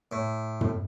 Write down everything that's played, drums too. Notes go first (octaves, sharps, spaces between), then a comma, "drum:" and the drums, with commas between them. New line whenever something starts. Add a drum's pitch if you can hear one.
A2
drum: tom